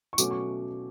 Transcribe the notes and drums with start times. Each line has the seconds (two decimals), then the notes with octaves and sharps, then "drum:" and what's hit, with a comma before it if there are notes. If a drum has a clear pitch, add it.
0.13 C#6
0.18 B2 F#3 A3 C#4 D6, drum: tambourine
0.31 C#6